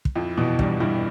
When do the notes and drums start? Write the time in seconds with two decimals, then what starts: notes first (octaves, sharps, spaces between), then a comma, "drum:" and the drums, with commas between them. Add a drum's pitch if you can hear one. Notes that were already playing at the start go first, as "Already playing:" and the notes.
0.05 drum: kick
0.16 F2 F3 E4
0.37 E2 B2 E3
0.59 E2 G2 G3, drum: kick
0.80 G2 G3 E4